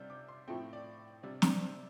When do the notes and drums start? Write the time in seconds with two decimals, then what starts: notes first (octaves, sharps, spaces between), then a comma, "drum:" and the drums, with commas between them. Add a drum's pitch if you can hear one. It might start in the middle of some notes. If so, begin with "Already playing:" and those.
Already playing: C3 G3 D4 F6 G6
0.10 D6
0.28 C6
0.48 A2 F3 A3 C4 G5
0.73 D5
1.23 C3 G3 D4 D5
1.42 C5, drum: snare
1.61 C5